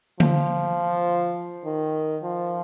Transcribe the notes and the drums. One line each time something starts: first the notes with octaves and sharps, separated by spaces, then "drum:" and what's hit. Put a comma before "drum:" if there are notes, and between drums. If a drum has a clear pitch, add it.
F3, drum: tom D3
D#3
F3